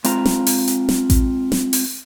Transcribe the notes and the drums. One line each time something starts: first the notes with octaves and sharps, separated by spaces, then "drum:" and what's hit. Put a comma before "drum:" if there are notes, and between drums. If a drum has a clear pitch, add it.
G#3 C4 F4 A#5, drum: hi-hat
drum: snare
drum: open hi-hat
drum: hi-hat
drum: snare
drum: kick A1, hi-hat
drum: snare
drum: open hi-hat